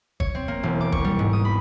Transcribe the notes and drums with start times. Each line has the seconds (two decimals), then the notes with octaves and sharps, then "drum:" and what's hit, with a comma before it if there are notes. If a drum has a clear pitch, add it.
0.20 C#5, drum: kick
0.35 C4
0.48 A#3
0.63 E1
0.81 D6
0.92 C#6, drum: kick
1.04 G3
1.19 G#2
1.33 D#6
1.45 B5